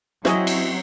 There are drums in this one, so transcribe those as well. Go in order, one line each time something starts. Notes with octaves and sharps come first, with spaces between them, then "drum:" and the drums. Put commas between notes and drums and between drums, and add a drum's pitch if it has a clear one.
F#3 C4 E4 F#4 G#4 D#5, drum: snare
drum: cymbal